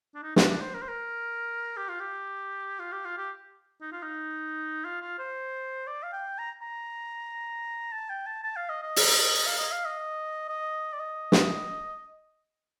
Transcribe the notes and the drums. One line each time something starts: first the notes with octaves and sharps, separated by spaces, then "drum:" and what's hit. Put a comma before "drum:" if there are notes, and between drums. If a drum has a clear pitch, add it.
D4
D#4
D4, drum: snare
D4
C5
A#4
C5
A#4
G4
F4
G4
F4
G4
F4
G4
D#4
F4
D#4
F4
F4
C5
D5
F5
G5
A#5
A#5
A5
G5
A5
A5
F5
D#5
D#5
drum: open hi-hat
F5
D#5
F5
D#5
D#5
D5
D#5
drum: snare